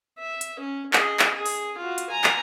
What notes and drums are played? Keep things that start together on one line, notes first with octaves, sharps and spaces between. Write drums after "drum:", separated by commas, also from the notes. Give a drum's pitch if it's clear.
E5
drum: hi-hat
C#4
G#4 D#5, drum: clap
drum: clap
G#4
drum: open hi-hat
F4 F#4
drum: hi-hat
G#5 A#5
drum: clap